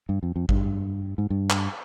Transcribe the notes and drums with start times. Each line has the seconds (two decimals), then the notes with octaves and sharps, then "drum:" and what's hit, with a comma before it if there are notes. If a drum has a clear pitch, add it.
0.09 G2
0.23 F2
0.36 F2
0.49 G2, drum: kick G#1
1.18 G#2
1.30 G2
1.50 drum: clap